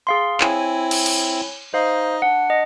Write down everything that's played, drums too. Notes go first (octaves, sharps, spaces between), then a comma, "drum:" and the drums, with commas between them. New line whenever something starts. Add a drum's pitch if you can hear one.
G#4 F5 C6
C4 E4 C#5 G#5, drum: clap
drum: cymbal
drum: cymbal
D#4 C5 D#5 F5
D4 F#5
D#5